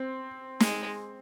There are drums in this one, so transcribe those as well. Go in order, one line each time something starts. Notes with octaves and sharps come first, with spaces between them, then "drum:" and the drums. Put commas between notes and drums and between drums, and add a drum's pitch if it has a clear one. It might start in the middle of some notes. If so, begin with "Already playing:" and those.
Already playing: C4
G#3, drum: snare